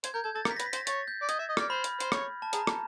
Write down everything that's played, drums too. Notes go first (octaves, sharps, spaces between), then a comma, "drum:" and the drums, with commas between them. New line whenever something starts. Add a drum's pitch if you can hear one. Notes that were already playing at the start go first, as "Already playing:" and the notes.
C5 G#6, drum: hi-hat
A#4 G6
A4 G#6
A4 A6
A#4, drum: rim click
B6
A#6
B4, drum: hi-hat
B6
C5, drum: hi-hat
A#6
C#5 A6, drum: hi-hat
G6
D5
D#5 G#6, drum: hi-hat
E5
D#5
D5 F6, drum: rim click
C5 B5
drum: hi-hat
C5, drum: hi-hat
C#5, drum: rim click
A5
G#4 A#5, drum: hi-hat
drum: rim click